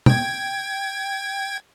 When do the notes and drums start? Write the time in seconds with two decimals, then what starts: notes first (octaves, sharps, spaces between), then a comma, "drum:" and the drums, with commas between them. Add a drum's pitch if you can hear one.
0.06 G5 G#6, drum: tom